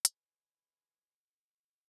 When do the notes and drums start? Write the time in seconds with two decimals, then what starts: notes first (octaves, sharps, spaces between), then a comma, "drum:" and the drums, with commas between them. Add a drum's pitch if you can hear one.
0.05 E4 G#4 B4 C#5 C6, drum: hi-hat